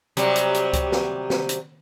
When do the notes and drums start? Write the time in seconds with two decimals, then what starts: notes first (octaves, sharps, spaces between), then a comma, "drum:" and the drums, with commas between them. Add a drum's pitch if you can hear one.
0.17 C3 F#3 G3, drum: hi-hat
0.36 drum: hi-hat
0.54 drum: hi-hat
0.73 drum: kick C#2, hi-hat
0.92 drum: snare
1.30 drum: snare
1.49 drum: hi-hat